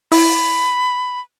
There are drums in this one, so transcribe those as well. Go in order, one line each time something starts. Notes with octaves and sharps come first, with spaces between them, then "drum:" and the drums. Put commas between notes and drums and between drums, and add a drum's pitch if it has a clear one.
E4 B5, drum: open hi-hat